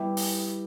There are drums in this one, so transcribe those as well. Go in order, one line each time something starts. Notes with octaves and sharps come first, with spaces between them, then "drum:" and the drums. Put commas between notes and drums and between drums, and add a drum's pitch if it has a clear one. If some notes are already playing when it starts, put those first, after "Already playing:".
Already playing: G3 B3 E4 G4
drum: open hi-hat